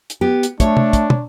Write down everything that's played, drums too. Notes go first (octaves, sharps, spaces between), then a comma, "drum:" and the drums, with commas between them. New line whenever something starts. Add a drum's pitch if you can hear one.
drum: hi-hat
B3 G4
drum: hi-hat
A3 D4 C#5, drum: kick, hi-hat
drum: tom
drum: kick, hi-hat
drum: tom